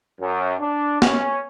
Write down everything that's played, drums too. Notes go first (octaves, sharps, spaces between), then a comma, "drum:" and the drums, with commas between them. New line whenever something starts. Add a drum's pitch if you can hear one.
F#2
D4
C#4, drum: snare